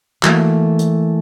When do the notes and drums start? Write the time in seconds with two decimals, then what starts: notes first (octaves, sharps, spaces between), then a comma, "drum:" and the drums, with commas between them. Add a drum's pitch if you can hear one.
0.23 E3 A3 A#3 F#4, drum: clap
0.79 drum: hi-hat